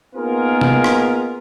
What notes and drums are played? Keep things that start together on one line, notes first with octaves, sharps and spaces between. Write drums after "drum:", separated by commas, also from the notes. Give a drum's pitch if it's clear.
A#3 B3 D#4 F4 G#4 A#4
drum: tom C3
drum: rim click